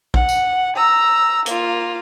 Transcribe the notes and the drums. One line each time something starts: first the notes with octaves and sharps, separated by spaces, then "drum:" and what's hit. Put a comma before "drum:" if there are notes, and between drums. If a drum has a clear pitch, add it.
F#5, drum: kick A#1
drum: tambourine
A#5 E6
A#3 F4, drum: hi-hat